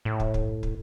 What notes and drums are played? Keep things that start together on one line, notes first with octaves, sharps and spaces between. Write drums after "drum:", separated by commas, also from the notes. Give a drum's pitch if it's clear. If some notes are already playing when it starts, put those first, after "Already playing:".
A2
drum: kick
drum: kick
drum: kick